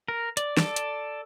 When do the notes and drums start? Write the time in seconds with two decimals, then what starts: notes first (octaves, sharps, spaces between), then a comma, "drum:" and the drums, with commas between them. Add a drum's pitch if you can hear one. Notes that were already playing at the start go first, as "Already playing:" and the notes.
0.08 A#4
0.37 D5, drum: hi-hat
0.57 A4 D5, drum: snare
0.76 drum: hi-hat